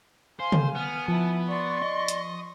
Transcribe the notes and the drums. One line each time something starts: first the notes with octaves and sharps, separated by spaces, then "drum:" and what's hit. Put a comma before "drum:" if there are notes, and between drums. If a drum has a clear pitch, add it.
C5 F5 G#5 C6
drum: tom
B3 F6
F3 E4 A5
D5 C6 C#6
D#5
drum: hi-hat